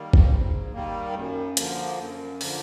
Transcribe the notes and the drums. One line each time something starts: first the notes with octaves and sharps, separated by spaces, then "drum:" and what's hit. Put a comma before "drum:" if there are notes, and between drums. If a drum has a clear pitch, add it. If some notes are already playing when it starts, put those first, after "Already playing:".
Already playing: D#3 G3 A#3
drum: kick
G#2
D#3 G3 A#3
F#2
D3 F3 A#3, drum: hi-hat
F#2
D3 F3 A#3, drum: open hi-hat